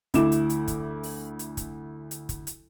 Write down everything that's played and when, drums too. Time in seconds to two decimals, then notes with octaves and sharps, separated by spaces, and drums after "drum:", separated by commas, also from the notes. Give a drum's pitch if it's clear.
0.14 D2 E4 D6 E7, drum: kick, hi-hat
0.32 drum: hi-hat
0.50 drum: hi-hat
0.68 drum: kick, hi-hat
1.03 drum: open hi-hat
1.39 drum: hi-hat
1.57 drum: kick, hi-hat
2.11 drum: hi-hat
2.29 drum: kick, hi-hat
2.47 drum: hi-hat